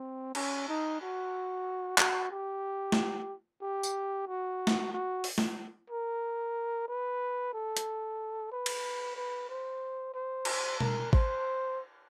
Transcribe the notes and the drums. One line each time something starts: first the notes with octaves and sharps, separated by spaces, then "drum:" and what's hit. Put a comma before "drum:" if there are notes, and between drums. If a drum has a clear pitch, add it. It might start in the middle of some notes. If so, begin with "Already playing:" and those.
Already playing: C4
C#4, drum: cymbal
D#4
F#4
F#4, drum: clap
G4
drum: snare
G4
drum: tambourine
F#4
drum: snare
F#4
drum: open hi-hat
drum: snare
A#4
B4
A4
drum: hi-hat
B4
drum: cymbal
B4
C5
C5
drum: cymbal
A#4, drum: tom B2
C5, drum: kick G#1